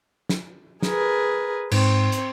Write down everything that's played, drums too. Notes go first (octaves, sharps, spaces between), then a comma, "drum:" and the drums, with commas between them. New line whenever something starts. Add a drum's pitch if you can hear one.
drum: snare
G#4 A#4 B4, drum: snare
G#2 C4, drum: cymbal
drum: hi-hat